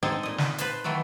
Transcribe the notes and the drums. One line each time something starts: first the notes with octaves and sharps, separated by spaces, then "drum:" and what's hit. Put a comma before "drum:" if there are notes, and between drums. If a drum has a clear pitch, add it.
G#3 C4 D#4 G#4 A4 D#5
A#2 D#5
drum: snare
B4 C5 A5, drum: hi-hat
D#3 E3 F#3 A3 A4